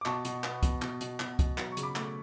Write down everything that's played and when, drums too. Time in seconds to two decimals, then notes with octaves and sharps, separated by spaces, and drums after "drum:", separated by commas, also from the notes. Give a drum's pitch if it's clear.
0.01 D6
0.06 B2 A5 C#6, drum: clap
0.25 B2, drum: hi-hat
0.44 B3, drum: clap
0.63 B2, drum: kick, hi-hat
0.82 B2, drum: clap
1.01 B2, drum: hi-hat
1.20 B2, drum: clap
1.39 B2, drum: kick, hi-hat
1.58 F#3, drum: clap
1.72 C#6
1.77 C#3, drum: hi-hat
1.83 B5 D6
1.96 A3, drum: clap